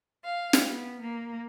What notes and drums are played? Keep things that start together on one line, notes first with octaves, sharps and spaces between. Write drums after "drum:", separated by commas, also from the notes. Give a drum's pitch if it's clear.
F5
drum: snare
B3
A#3